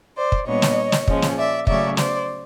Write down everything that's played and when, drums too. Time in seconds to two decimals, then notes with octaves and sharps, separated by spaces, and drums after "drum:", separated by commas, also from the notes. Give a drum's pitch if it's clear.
0.17 C5 D5
0.32 drum: kick
0.47 A#2 G3 B3 D4 C#5 D#5
0.62 drum: snare
0.92 drum: snare
1.08 A#2 F3 G#3 C#4, drum: kick
1.22 drum: snare
1.37 D5 E5
1.67 C#3 F#3 A3 C#4 D5 E5, drum: kick
1.97 C5 D5, drum: snare